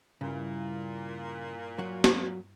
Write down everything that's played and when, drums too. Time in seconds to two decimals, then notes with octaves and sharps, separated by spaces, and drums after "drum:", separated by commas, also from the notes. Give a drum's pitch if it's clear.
0.21 G2 A#2 C#3 E4
1.79 F#3 F#4
2.04 drum: snare